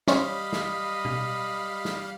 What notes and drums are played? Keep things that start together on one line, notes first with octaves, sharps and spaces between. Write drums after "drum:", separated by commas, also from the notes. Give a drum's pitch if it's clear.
G3 C#4 C5 C#5 D#5 F5 B5, drum: snare
drum: snare
drum: tom B2
drum: snare